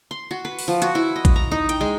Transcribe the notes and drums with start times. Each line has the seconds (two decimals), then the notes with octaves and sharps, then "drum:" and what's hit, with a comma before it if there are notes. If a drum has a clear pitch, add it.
0.11 C6
0.31 F#4
0.45 B4
0.59 drum: open hi-hat
0.68 F3
0.82 F#4, drum: hi-hat
0.95 E4
1.16 D#5
1.25 drum: kick A1, hi-hat
1.36 A#5
1.51 D#4
1.69 G5, drum: hi-hat
1.81 G#3